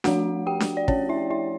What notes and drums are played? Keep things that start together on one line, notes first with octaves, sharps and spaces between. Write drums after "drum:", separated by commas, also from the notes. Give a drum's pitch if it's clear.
F3 A3 D4 F#4 F#5, drum: snare D4
G4 G5
drum: snare D4
D5
C#4 C#5, drum: kick
E4 E5
E4 E5